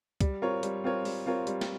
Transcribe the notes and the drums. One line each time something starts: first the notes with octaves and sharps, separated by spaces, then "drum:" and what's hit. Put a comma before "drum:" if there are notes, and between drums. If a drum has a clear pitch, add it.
G3, drum: kick C#2, hi-hat
C4 F4 A#4 C#5
G3, drum: hi-hat
C4 F4 A#4 C#5
G3, drum: open hi-hat
C4 F4 A#4 C#5
G3, drum: hi-hat
drum: snare